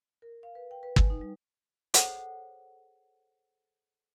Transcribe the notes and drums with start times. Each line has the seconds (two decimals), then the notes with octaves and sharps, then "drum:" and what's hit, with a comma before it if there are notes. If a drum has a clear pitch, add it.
0.22 A#4
0.43 F5
0.55 B4
0.71 G5
0.83 B4
0.96 G#5, drum: kick
1.10 D#4
1.21 G3
1.94 G#4 A4 C5 C#5 F#5, drum: hi-hat